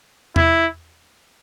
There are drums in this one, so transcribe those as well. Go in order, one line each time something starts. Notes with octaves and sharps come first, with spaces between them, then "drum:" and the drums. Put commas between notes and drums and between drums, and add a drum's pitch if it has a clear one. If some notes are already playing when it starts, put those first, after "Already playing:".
E4, drum: tom E2